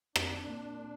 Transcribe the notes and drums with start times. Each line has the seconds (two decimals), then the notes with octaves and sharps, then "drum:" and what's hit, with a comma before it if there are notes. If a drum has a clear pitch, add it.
0.16 C4 D4, drum: rim click
0.47 A#2
0.79 A#2